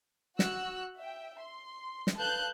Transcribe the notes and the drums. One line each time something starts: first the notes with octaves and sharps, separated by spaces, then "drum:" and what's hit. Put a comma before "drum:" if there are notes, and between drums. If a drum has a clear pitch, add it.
F#4 E6 F#6, drum: snare
E5 G5
C6
drum: snare
A4 B4 F5 A5 F#6 G6